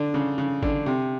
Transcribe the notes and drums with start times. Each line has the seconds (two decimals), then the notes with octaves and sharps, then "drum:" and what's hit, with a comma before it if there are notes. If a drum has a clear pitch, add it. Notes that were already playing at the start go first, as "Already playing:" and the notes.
Already playing: D3
0.14 C#3
0.38 C#3
0.62 D3, drum: kick G#1
0.86 C3